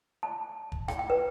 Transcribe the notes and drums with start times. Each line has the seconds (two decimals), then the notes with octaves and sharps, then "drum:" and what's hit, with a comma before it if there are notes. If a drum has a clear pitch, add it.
0.23 A5
0.72 drum: kick
0.88 G5, drum: rim click
0.99 G5
1.10 B4